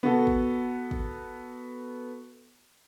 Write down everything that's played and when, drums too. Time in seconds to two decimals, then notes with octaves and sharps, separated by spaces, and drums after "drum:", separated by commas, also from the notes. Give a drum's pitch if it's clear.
0.03 B3 F#4 A4, drum: tom B2
0.27 drum: kick
0.91 drum: kick